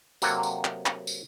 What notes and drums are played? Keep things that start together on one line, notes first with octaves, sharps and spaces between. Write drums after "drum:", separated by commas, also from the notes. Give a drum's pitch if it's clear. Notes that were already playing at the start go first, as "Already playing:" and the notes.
C3 F#3 A#3 A4 F#5, drum: tambourine
drum: tambourine
drum: clap
drum: clap
drum: tambourine